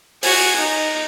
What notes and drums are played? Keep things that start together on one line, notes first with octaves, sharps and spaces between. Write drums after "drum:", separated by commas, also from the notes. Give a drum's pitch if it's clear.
F#4 G#5, drum: open hi-hat
D#4